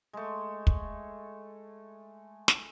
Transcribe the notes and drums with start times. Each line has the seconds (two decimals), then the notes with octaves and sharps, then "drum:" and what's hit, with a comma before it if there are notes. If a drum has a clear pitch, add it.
0.13 G#3 A3
0.67 drum: kick
2.48 drum: snare